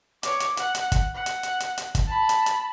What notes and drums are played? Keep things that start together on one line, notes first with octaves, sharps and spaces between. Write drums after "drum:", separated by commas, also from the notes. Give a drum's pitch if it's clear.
C#5 D6, drum: hi-hat
drum: hi-hat
F#5, drum: hi-hat
drum: hi-hat
drum: kick, hi-hat
F#5
drum: hi-hat
drum: hi-hat
drum: hi-hat
drum: hi-hat
drum: kick, hi-hat
A5 B5
drum: hi-hat
drum: hi-hat